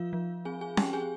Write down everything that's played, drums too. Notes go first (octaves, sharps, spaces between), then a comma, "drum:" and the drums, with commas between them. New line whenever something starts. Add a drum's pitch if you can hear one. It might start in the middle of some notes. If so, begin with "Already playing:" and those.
Already playing: F3 F4 F5
F3
C4 G#4 G#5
G#4 G#5
C4 G4 G5, drum: snare C#4
G#4 G#5